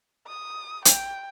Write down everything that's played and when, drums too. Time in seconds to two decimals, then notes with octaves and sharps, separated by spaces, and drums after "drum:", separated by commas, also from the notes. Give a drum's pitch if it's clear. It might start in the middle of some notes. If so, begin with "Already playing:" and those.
0.27 D#6
0.85 G5, drum: hi-hat